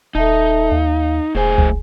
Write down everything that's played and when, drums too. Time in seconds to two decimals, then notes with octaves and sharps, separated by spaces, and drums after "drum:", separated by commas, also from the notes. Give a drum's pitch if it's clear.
0.15 D#1 D#4 A4 E5 A5
0.71 D#2 F5
1.35 E1 A2 G#4 C5 G#5
1.58 drum: kick C#2